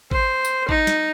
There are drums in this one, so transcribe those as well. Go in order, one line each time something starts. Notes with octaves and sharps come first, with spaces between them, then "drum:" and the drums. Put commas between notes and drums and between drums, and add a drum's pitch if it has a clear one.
C5, drum: kick G#1
drum: tambourine
D#4, drum: kick G#1
drum: snare